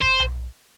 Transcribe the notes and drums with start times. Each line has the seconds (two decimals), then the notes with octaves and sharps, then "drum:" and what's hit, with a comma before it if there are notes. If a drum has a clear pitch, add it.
0.02 C5, drum: kick F1
0.20 drum: tom B1